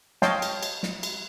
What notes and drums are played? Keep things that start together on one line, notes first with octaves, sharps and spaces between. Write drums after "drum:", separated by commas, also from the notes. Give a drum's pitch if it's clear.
C#5 D#5 F5 G5 A5 C6, drum: snare
drum: cymbal
drum: cymbal
drum: snare
drum: cymbal